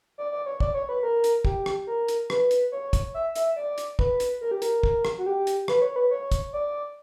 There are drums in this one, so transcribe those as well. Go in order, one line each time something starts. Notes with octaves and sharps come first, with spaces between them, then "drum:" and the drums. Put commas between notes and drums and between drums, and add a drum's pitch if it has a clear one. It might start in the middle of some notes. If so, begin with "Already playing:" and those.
D5
D5
C#5
D5, drum: kick
C#5
B4
A#4
drum: hi-hat
G4, drum: kick
drum: rim click
A#4
drum: hi-hat
B4, drum: rim click
drum: hi-hat
C#5
drum: kick, hi-hat
E5
E5, drum: hi-hat
D5
drum: hi-hat
B4, drum: kick
drum: hi-hat
A#4
G4
A#4, drum: hi-hat
drum: kick
drum: rim click
F#4
G4
drum: hi-hat
B4, drum: rim click
C#5
B4
C#5
drum: kick, hi-hat
D5